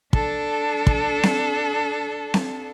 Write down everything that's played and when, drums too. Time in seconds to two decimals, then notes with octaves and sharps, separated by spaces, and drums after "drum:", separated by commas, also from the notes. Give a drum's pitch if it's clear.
0.13 D4 A4, drum: kick
0.87 drum: kick
1.23 drum: snare C4
2.34 drum: snare C4